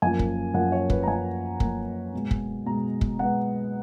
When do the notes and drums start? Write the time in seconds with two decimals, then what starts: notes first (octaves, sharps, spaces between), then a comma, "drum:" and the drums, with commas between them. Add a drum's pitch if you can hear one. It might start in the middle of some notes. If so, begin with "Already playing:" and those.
0.02 F#2 F3 A#3 G#5
0.19 drum: kick
0.54 F#2 F3 A#3 F#5
0.72 C#5
0.90 B4, drum: kick
1.03 A#5
1.07 F#2 F3 A#3 G#5
1.60 F#2 F3 A#3, drum: kick
2.14 B2 G#3 B3
2.31 drum: kick
2.66 B2 G#3 B3 A#5
3.01 drum: kick
3.19 B2 G#3 B3 F#5